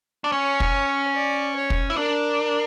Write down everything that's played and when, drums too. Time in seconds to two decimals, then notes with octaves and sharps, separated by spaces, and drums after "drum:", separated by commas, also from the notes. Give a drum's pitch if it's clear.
0.24 D4
0.32 C#4 C#5
0.60 drum: kick
1.15 D5
1.56 C#5
1.70 drum: kick
1.90 E4
1.97 D4 A#4